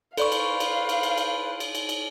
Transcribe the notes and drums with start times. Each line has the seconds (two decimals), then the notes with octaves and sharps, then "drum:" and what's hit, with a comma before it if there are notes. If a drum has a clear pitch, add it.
0.17 A4 B4 C5 D5 F5 C#6, drum: cymbal
0.32 drum: cymbal
0.60 drum: cymbal
0.89 drum: cymbal
1.03 drum: cymbal
1.18 drum: cymbal
1.60 drum: cymbal
1.75 drum: cymbal
1.89 drum: cymbal